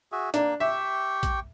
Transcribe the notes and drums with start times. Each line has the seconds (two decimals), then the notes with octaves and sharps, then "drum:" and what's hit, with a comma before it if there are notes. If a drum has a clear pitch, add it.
0.12 F#4 G#4 E5
0.34 A#3 D4, drum: hi-hat
0.60 G4 E5 G5 C#6
1.23 drum: kick, hi-hat